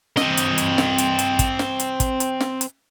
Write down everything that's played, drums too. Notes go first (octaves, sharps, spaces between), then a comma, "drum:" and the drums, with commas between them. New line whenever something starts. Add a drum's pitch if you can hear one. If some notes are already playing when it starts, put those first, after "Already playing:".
C4 D#5, drum: snare
drum: hi-hat
drum: hi-hat
drum: snare
drum: hi-hat
drum: hi-hat
drum: kick, hi-hat
drum: snare
drum: hi-hat
drum: kick, hi-hat
drum: hi-hat
drum: snare
drum: hi-hat